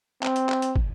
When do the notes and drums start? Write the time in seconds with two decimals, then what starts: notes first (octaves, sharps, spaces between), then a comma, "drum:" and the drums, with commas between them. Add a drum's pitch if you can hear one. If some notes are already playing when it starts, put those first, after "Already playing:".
0.23 C4, drum: clap
0.36 drum: hi-hat
0.49 drum: clap
0.62 drum: hi-hat
0.76 drum: kick